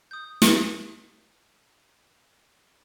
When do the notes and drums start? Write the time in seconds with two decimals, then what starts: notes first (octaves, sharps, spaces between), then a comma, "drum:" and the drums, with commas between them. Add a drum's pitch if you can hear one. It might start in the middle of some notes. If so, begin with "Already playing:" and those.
0.11 D#6 G6
0.42 drum: snare